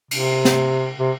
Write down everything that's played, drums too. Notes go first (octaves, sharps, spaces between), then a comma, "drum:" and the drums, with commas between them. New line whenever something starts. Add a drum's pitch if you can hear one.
C3, drum: cymbal
drum: snare
C3